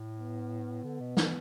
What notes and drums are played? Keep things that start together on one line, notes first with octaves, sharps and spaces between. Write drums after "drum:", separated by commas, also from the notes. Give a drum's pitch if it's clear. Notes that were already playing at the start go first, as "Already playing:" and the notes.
Already playing: A2
B3
D3
B2
E3, drum: snare